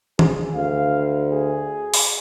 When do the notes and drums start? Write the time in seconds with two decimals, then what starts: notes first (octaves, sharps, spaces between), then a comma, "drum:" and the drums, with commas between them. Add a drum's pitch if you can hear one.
0.19 G#4, drum: tom D#3
0.55 D2 F5
1.32 G#4
1.94 drum: open hi-hat